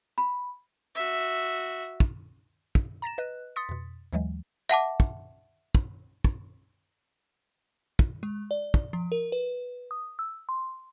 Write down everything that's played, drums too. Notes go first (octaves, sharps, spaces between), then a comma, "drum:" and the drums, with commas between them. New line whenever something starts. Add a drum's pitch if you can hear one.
B5
F#4 E5
drum: kick
drum: kick
A#5 A6 A#6 E7
B4 D#5 F#6
C6 D#6 A6 B6 C#7
F2 B2
D#2 E3 F#3 G#3
E5 F#5 A5 D6
drum: kick
drum: kick
drum: kick
drum: kick
G#3
D5
drum: kick
F3
A#4
B4
D#6
E6
C6